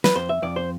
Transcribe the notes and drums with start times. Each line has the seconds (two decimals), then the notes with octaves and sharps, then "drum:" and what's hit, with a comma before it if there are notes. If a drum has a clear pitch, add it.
0.04 B4, drum: snare
0.15 F2 C5
0.29 E5
0.42 F2 D5
0.56 C5